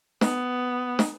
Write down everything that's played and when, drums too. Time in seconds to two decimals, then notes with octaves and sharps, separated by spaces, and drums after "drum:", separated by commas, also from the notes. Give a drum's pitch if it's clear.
0.21 B3, drum: snare
0.99 drum: snare